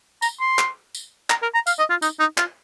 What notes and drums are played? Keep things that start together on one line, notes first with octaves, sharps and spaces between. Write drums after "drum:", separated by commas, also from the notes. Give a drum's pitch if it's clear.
A#5, drum: tambourine
C6
drum: clap
drum: tambourine
A#5, drum: clap
A#4
A#5
F5, drum: tambourine
D#5
F4
D#4, drum: tambourine
D#4
F4, drum: clap